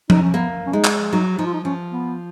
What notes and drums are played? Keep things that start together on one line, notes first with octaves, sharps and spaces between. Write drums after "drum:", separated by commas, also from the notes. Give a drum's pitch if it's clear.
D#4, drum: tom F3
C#4
A#3 B3
C#4
G#3 D#4
drum: clap
F#3 D#4
F3 D#4
F4
D#4
F3 C#4
B3